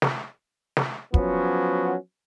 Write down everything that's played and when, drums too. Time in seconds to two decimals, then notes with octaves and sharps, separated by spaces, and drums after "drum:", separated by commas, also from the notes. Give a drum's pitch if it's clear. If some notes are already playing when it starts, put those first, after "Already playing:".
0.02 drum: snare
0.77 drum: snare
1.14 F3 F#3 B3 C#4, drum: kick